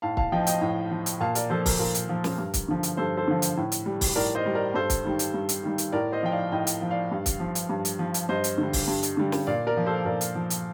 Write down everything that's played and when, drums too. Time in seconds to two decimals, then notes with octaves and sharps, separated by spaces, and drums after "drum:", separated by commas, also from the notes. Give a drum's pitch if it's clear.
0.02 A2 F5 A5
0.17 F5 A5, drum: kick
0.32 F3 D#5 G5
0.47 D#5 G5, drum: hi-hat
0.61 A2
0.91 F3
1.06 drum: hi-hat
1.21 A#2 F5 A5
1.35 A#4 D5, drum: hi-hat
1.50 F3 A4 C5
1.66 A#4, drum: kick, open hi-hat
1.79 A#2 A#4
1.95 drum: hi-hat
2.09 F3
2.24 drum: snare
2.38 G2
2.54 drum: kick, hi-hat
2.68 D3 F3
2.83 drum: hi-hat
2.97 G2 A4 C5
3.17 A4 C5
3.28 D3 F3
3.42 drum: hi-hat
3.57 A2
3.72 drum: hi-hat
3.86 G3
4.01 drum: kick, open hi-hat
4.15 A2 A#4 D5
4.35 C5 D#5
4.46 G3
4.55 A#4 D5
4.74 G2 A4 C5
4.90 drum: kick, hi-hat
5.04 D#3 G3
5.19 drum: hi-hat
5.34 G2
5.49 drum: hi-hat
5.63 D#3 G3
5.78 drum: hi-hat
5.92 A2 A#4 D5
6.12 C5 D#5
6.23 F3 G5
6.32 D5 F5
6.52 A2 D#5 G5
6.67 drum: hi-hat
6.82 F3
6.91 D5 F5
7.12 G2
7.26 drum: kick, hi-hat
7.40 F3
7.55 drum: hi-hat
7.69 G2
7.85 drum: hi-hat
7.99 F3
8.14 drum: hi-hat
8.29 G2 C5 D#5
8.44 drum: hi-hat
8.58 D3 G3
8.73 drum: kick, open hi-hat
8.88 G2
9.03 drum: hi-hat
9.17 D3 G3
9.32 drum: snare
9.47 A#2 D5 F5
9.67 A#4 D5
9.77 F3
9.86 A4 C5
10.05 A#2 A#4 D5
10.21 drum: hi-hat
10.35 F3
10.50 drum: hi-hat